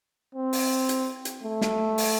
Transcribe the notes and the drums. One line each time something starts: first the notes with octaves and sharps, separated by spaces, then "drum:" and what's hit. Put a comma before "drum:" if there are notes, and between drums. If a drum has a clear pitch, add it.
C4
drum: open hi-hat
drum: hi-hat
drum: hi-hat
A3
drum: snare
drum: open hi-hat